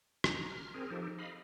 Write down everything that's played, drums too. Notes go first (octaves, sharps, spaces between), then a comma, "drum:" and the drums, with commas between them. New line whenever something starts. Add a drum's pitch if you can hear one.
A#5, drum: rim click
F6
C4 G#4 A#4
F3 D#4 G4 A4
D#5 F5 B5